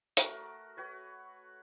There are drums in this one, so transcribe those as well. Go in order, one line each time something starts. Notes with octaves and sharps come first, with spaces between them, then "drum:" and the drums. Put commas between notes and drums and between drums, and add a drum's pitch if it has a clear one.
A3 F#4 A#4, drum: hi-hat
F#4 B4 C#5